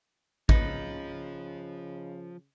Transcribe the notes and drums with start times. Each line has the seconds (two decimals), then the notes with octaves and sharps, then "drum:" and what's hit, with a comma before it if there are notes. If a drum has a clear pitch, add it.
0.49 C#3 F3 D#4 B4, drum: kick